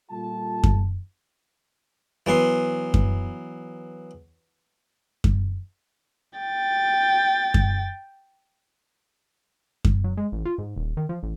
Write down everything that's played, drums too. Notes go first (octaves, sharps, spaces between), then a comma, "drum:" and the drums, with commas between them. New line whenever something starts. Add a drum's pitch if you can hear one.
A#2 G3 F4 A4 A5
drum: kick F#2
E3 F#3 B3 C6
drum: kick F#2
drum: kick F#2
G5 A6
drum: kick F#2
drum: kick F#2
F#3
G#3
A1
F4
G#2
D#1
D#3
F3
A1